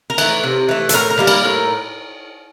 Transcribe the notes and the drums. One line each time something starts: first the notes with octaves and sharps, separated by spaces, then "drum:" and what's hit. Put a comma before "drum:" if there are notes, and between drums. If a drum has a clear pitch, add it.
A#4
E3 A3, drum: cymbal
C3
E3 A3
A4, drum: hi-hat
A2 A#4
A#4
G3 A#3 E4
A#4, drum: cymbal
A2